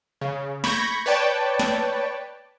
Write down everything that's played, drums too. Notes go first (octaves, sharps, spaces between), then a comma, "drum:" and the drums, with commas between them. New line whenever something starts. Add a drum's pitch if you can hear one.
C#3
B5 C#6 G6 G#6 A#6, drum: snare
B4 C#5 D5 G5 A5
drum: snare